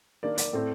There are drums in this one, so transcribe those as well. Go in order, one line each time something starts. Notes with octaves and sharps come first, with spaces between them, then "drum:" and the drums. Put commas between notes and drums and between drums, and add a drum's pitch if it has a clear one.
D#3 A#3 D4 D5
D5, drum: hi-hat
A2 A3 C4